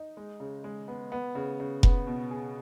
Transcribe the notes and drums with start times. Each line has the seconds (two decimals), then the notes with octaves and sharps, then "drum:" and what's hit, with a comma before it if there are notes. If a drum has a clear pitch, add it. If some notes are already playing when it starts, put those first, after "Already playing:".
Already playing: D#4
0.17 G#3
0.40 C#3
0.64 G#3
0.88 B3
1.12 B3
1.35 C#3
1.60 C#3
1.83 B3, drum: kick F1
2.07 B2
2.31 G#4